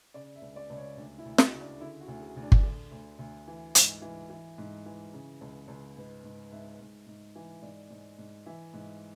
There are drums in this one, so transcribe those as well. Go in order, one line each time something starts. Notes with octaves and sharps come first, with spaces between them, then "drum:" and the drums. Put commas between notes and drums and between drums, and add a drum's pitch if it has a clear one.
C#3 D5
E5
C#2
D5
C#2
C#5
D2 D4
E4
D2
F#4, drum: snare
C#3
D4
D3 E4
F#4
D2
G#4
D2
D4
drum: kick G1
D3
D2
D2
E3
G#2, drum: hi-hat
E3
E3
G#2
E3
C#3
C#2
C#2
G#2 B4
G#2
G#2 E5
G#2
G#2
E3
G#2 D5
G#2
G#2
E3 E5
G#2